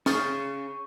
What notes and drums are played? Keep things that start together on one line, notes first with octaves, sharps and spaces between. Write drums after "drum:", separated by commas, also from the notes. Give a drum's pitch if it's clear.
C#4 G#4 C#6 D#6 F6 G6 A6, drum: snare